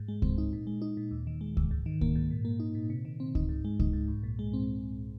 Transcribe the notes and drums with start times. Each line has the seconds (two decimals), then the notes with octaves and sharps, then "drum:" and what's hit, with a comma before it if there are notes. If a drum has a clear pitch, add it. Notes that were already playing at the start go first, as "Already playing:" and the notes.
Already playing: G#2
0.08 G#3
0.22 C4, drum: kick C#2
0.38 D#4
0.53 A#2
0.67 G#3
0.82 D#4
0.97 A#2
1.11 D#2
1.27 D#3
1.41 G#3
1.57 D#2, drum: kick C#2
1.71 G#2
1.86 D#3
2.01 A#3, drum: kick C#2
2.16 G#2
2.31 A#2
2.45 A#3
2.60 D#4
2.75 A#2
2.90 C3
3.05 D#3
3.20 C4
3.35 D#4, drum: kick C#2
3.49 G#2
3.65 G#3
3.80 D#4, drum: kick C#2
3.93 G#2
4.08 C2
4.23 A#2
4.39 G#3
4.53 C4